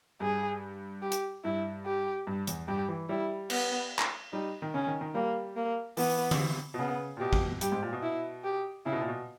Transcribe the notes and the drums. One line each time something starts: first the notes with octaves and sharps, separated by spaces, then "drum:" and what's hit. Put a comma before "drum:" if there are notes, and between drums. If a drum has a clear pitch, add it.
G2 G#4
G4
drum: hi-hat
G2 E4
G4
G2
E2, drum: hi-hat
G2 G4
E3
G3 E4
B3, drum: cymbal
drum: clap
G3 D#4
D#3
C#3 C#4
D#3
D#3
G3 A#3
A#3
E3 B3, drum: open hi-hat
drum: tom D3
B2
C#3 B3
A#2
B2 G4
drum: kick
G2 G4, drum: hi-hat
G#2
A#2
B2
E4
G4
C#3 E4
B2
A#2
B2